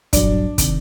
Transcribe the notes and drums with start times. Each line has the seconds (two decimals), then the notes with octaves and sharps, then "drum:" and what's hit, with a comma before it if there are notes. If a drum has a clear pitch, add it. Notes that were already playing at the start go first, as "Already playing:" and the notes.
0.13 A#1 G2 F#3 D4, drum: kick, hi-hat
0.58 C3 D#3, drum: kick, hi-hat